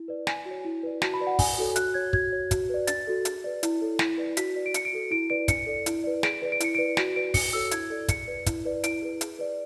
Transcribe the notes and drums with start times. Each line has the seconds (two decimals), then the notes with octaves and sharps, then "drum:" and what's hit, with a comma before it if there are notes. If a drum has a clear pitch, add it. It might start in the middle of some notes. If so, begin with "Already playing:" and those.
Already playing: E4
0.08 B4 D5
0.27 D4 G#5, drum: snare
0.45 F#4
0.51 C#5
0.65 E4
0.83 B4 D5
1.02 F#4 A5, drum: snare
1.14 B5
1.20 B4 D5
1.27 F#5
1.39 D4 G#5, drum: kick, open hi-hat
1.58 F#4 A4 C#5
1.76 F#4 F#6, drum: hi-hat
1.94 C#5 G#6
2.13 F#4 G#6, drum: kick
2.32 C#5
2.51 F#4, drum: kick, hi-hat
2.69 B4 D5
2.87 D4 A6, drum: hi-hat
3.07 F#4 A4
3.25 G#4, drum: hi-hat
3.44 B4 D5
3.63 E4, drum: hi-hat
3.82 A4 C#5
3.99 E4, drum: snare
4.18 B4 D5
4.37 F#4 B6, drum: hi-hat
4.56 B4 D5
4.66 D7
4.74 D4 C#7, drum: hi-hat
4.85 D7
4.92 F#4 A4
5.11 E4 D7
5.30 B4 D5 D7
5.48 D4 C#7, drum: kick, hi-hat
5.67 A4 D5
5.86 E4, drum: hi-hat
6.04 B4 D5
6.23 G#4 D7, drum: snare
6.42 B4 D5
6.52 D7
6.60 E4 C#7, drum: hi-hat
6.75 D7
6.79 B4 D5
6.97 F#4 D7, drum: snare
7.16 B4 D5 D7
7.34 D4 C#7, drum: kick, open hi-hat
7.53 F#4 A4 C#5 E6
7.71 E4 G#6, drum: hi-hat
7.90 A4 D5
8.08 G#4 C#7, drum: kick, hi-hat
8.28 B4 D5
8.46 E4, drum: kick, hi-hat
8.65 B4 D5
8.84 E4 D7, drum: hi-hat
9.02 G#4 B4
9.21 G#4, drum: hi-hat
9.39 B4 D5